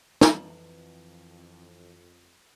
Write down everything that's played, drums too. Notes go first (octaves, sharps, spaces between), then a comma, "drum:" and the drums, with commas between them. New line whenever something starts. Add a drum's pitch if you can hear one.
F2 E3, drum: snare